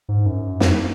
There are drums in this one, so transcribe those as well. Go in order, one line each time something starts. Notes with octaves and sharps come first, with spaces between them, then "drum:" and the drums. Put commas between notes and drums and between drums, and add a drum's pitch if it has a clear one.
G#2
F#2
F2, drum: snare